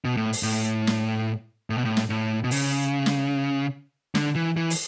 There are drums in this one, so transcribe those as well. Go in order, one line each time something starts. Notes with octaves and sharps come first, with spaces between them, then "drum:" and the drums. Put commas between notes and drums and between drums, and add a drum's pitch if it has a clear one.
B2
A2
drum: open hi-hat
A2
drum: snare
A2
B2
A2
drum: snare
A2
B2
C#3, drum: open hi-hat
drum: snare
D3, drum: snare
E3
E3
drum: open hi-hat